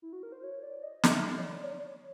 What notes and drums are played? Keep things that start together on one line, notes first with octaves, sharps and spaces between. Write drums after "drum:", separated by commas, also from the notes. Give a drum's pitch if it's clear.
E4
F#4
A#4
C5
C#5
D5
D#5
E5, drum: snare
D#5
C#5
D5
C#5
D5
C#5